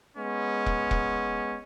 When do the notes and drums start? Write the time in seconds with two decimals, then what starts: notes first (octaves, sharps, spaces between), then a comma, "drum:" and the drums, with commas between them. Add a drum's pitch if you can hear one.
0.17 G#3 B3 C#4
0.66 drum: kick E1
0.91 drum: kick E1